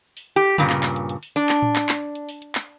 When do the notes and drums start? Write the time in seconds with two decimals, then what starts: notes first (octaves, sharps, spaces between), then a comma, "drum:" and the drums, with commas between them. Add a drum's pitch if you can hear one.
0.17 drum: open hi-hat
0.36 G4
0.58 G2 A#2 C#3, drum: tom C#3
0.70 drum: clap
0.83 drum: clap
0.96 drum: hi-hat
1.09 drum: hi-hat
1.23 drum: open hi-hat
1.36 D4, drum: hi-hat
1.49 drum: clap
1.62 drum: tom A2
1.76 drum: clap
1.89 drum: clap
2.15 drum: hi-hat
2.29 drum: open hi-hat
2.42 drum: hi-hat
2.55 drum: clap